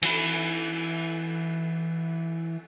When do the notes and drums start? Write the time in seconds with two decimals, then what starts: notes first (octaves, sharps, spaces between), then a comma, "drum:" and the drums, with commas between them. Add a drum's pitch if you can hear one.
0.03 E3 B5, drum: cymbal